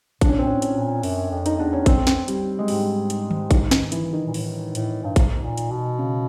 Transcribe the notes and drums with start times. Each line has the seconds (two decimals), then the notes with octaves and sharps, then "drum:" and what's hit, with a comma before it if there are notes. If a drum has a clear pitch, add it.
0.21 A2 D4, drum: kick A1, hi-hat
0.29 C#4
0.38 A#2 C4
0.47 A2 C#4
0.62 C#4, drum: hi-hat
0.76 A#2
1.03 F#2, drum: open hi-hat
1.31 F2
1.46 D#4, drum: hi-hat
1.59 E2 D4
1.73 C#4
1.86 F2 C4, drum: kick A1, hi-hat
2.07 drum: snare
2.28 G3, drum: hi-hat
2.59 G#3
2.68 G#2 G3, drum: open hi-hat
3.10 drum: hi-hat
3.31 drum: tom
3.51 D#3, drum: kick A1, hi-hat
3.71 D#3, drum: snare
3.92 E3, drum: hi-hat
4.13 D#3
4.27 A#2
4.34 A2, drum: open hi-hat
4.75 A2, drum: hi-hat
5.05 G2
5.16 G#2, drum: kick A1, hi-hat
5.44 A#2
5.58 drum: hi-hat
5.71 B2
5.99 C#3